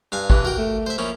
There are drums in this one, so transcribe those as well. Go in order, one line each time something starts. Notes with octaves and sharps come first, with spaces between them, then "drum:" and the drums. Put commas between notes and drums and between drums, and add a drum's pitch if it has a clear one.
G2 F5 G#5
G2 E3, drum: kick G#1
F#4 A#4 G5
A3
C5 E5
F3 A#3 C#4 E4